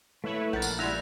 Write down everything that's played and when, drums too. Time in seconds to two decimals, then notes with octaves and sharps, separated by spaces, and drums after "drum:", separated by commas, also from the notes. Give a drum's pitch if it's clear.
0.24 A3 E4 B4 C#5 E5
0.53 A#1 A#4 F#5 G6 A6
0.62 drum: tambourine
0.79 G3 G#3 E4 E6 F#6 A#6 F7